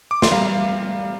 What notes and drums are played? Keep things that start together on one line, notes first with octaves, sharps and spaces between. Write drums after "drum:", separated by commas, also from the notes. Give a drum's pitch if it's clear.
D6
C6, drum: snare
G3 F5 A#5